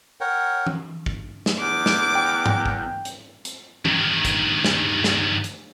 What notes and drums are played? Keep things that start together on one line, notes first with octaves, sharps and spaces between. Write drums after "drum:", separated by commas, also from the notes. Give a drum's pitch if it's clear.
A#4 C#5 F#5 G5
drum: tom E3
drum: kick
drum: snare
E2 D6
drum: snare
G5
drum: tom G#2
drum: kick
drum: hi-hat
drum: hi-hat
G2 D#3, drum: tom E3
drum: kick, hi-hat
drum: snare
drum: snare
drum: hi-hat